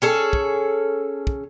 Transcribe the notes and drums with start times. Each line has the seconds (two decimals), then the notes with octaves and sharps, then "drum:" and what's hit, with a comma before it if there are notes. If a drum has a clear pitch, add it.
0.02 C#4 G#4 A4
0.33 drum: kick
1.27 drum: kick